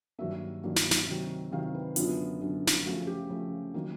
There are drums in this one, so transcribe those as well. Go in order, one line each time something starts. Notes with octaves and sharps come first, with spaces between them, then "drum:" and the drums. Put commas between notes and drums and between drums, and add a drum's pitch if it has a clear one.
G2 D#3 F#3 A#3 E5
G2 D#3 F#3 A#3
drum: snare
drum: snare
C3 D#3 F#3
C3 D#3 F#3 F5
B4
F#2 D3 F#3 B3 F4, drum: hi-hat
F#2 D3 F#3 B3
drum: snare
C#3 F3 A3 F#4
G4
C#3 F3 A3
D#3 F#3 A#3